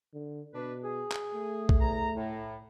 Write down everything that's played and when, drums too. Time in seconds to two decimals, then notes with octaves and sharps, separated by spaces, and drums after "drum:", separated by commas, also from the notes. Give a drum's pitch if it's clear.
0.14 D3
0.54 B2 D4 B4
0.84 G#4
1.11 drum: clap
1.34 A3
1.69 drum: kick B1
1.80 E2 A#5
2.14 A2